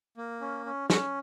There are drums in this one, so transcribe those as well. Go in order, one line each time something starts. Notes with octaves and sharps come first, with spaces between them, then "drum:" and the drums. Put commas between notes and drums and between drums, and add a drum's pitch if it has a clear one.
A#3
C#4
C#4
C#4 F#4 F#5, drum: snare